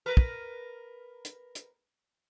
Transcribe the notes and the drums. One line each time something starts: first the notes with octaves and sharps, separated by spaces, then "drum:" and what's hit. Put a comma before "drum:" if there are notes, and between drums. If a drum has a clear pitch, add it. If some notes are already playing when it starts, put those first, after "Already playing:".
A#4 B4
drum: kick
drum: hi-hat
drum: hi-hat